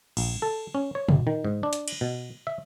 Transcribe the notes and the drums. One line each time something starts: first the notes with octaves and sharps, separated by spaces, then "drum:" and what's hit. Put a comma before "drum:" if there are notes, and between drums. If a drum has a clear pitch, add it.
A#1, drum: cymbal
A4
C#4
C#5
G1, drum: tom
D#3
G#2
D4
drum: hi-hat
drum: cymbal
B2
E5